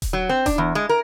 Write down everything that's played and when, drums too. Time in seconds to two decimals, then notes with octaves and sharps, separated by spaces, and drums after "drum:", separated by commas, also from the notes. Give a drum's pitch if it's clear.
0.02 drum: kick D#1, hi-hat
0.13 F#3
0.29 C4
0.46 D4, drum: kick D#1, hi-hat
0.58 E2
0.75 G#3
0.89 A#4